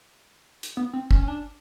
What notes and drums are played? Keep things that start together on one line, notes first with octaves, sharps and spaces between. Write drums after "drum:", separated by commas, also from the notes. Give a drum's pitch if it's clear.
drum: hi-hat
B3
C4
C#4, drum: kick
C#4
D4